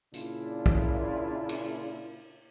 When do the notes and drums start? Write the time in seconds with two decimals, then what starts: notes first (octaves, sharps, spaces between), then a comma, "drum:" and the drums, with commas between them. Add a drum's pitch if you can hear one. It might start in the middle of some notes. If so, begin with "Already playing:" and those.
0.14 A#2 C#3 A#3 D4 E4 F4, drum: tambourine
0.66 drum: kick
1.49 drum: cymbal